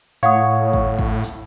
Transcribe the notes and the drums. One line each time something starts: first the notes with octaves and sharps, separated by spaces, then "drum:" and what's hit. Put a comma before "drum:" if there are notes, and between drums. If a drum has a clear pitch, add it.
A2 C#5 F5 F#5 D#6
drum: kick G#1
drum: kick G#1
drum: snare